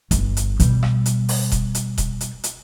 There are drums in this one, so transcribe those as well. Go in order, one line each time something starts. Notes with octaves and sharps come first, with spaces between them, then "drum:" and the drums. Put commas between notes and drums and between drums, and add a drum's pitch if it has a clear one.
G1, drum: kick D#1, hi-hat
drum: hi-hat
B2 G3, drum: hi-hat
drum: rim click
drum: hi-hat
drum: open hi-hat
drum: kick D#1, hi-hat
drum: hi-hat
drum: kick D#1, hi-hat
drum: hi-hat
drum: hi-hat